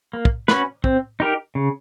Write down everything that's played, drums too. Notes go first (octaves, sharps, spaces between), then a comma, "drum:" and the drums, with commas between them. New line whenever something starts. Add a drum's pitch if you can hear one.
A#3
drum: kick
C#4 F#4 B4, drum: snare
C4, drum: kick
D#4 G4 A#4
C#3